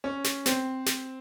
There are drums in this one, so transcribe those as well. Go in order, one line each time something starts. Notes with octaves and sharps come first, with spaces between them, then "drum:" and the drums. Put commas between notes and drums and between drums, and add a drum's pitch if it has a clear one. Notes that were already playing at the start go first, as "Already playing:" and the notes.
C#4
drum: snare
C4, drum: snare
drum: snare